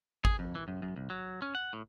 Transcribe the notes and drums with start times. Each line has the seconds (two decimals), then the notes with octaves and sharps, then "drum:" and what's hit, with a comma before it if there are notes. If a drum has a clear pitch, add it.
0.25 G#4, drum: kick
0.39 F2
0.55 E3
0.68 F#2
0.82 F#2
0.96 C2
1.10 F#3
1.42 C#4
1.55 F#5
1.73 A2